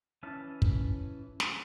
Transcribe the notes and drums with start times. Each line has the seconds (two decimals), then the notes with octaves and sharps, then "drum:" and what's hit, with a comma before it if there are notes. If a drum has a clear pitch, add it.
0.23 E3 C#4 E5 A5 F6
0.62 drum: kick
1.40 drum: snare